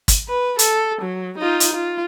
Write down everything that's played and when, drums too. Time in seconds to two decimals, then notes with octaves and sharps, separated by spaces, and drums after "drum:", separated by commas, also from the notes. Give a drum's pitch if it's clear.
0.08 drum: kick, hi-hat
0.28 B4
0.59 A4, drum: hi-hat
1.01 F#3
1.38 D#4 F4
1.60 drum: hi-hat
1.73 F4